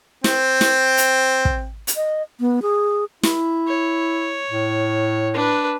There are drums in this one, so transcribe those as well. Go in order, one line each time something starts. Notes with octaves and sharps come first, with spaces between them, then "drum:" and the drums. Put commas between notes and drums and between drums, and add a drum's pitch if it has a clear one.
C4 G5, drum: snare
drum: snare
drum: hi-hat
drum: kick
drum: hi-hat
D#5
B3
G#4
E4, drum: snare
C#5
A2
D4 B4